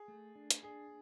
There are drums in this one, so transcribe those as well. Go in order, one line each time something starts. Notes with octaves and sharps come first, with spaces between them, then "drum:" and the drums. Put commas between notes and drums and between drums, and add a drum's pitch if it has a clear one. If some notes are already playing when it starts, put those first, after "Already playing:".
Already playing: G#4
A3
D4
drum: hi-hat
D4 G#4